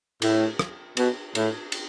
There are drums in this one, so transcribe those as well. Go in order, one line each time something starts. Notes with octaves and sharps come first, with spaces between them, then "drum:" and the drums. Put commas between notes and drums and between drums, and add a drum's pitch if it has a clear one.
A2, drum: cymbal
drum: rim click
B2, drum: cymbal
A2, drum: cymbal
drum: cymbal